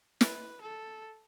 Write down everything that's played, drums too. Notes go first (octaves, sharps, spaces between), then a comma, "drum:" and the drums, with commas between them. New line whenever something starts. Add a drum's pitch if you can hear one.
B4, drum: snare
A4